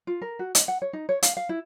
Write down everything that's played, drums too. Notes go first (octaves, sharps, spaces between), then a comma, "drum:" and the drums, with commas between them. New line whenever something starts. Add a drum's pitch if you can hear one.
F4
A#4
F#4
D#5, drum: hi-hat
F#5
C#5
D#4
C#5
F5, drum: hi-hat
F5
E4